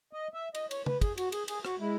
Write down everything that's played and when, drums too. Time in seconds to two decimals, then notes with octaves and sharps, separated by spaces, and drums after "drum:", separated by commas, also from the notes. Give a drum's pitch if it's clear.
0.13 D#5
0.34 E5
0.55 D#5, drum: cymbal
0.71 C#5, drum: cymbal
0.86 B4, drum: tom
1.01 G#4, drum: kick, cymbal
1.18 F#4, drum: cymbal
1.32 G#4, drum: cymbal
1.48 G#4, drum: cymbal
1.65 F#4, drum: rim click
1.80 G#3 E4